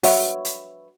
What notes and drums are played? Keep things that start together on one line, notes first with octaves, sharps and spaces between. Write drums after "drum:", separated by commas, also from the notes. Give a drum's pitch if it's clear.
F#4 B4 C#5 E5, drum: open hi-hat
drum: hi-hat